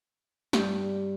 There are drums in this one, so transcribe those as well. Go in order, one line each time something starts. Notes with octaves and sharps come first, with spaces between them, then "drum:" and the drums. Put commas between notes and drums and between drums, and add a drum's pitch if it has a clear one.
G2 G3 G4, drum: snare